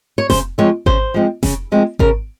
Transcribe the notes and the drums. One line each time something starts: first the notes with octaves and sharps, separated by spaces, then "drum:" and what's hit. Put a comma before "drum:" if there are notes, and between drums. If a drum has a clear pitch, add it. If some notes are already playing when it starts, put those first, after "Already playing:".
C#5
C#3 C5, drum: snare F1
F3 G#3 C4 C#5
C#3 C5, drum: kick G#1
F3 G#3 C4
C#3, drum: snare F1
F3 G#3 C4
C#3 A#4, drum: kick G#1